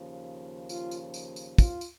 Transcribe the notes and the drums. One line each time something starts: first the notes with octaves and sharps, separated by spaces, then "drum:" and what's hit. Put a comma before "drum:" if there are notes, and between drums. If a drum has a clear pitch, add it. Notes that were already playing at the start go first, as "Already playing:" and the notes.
Already playing: D#2 C#3 F3
F4, drum: tambourine
drum: tambourine
drum: tambourine
drum: tambourine
F4, drum: kick, tambourine
drum: tambourine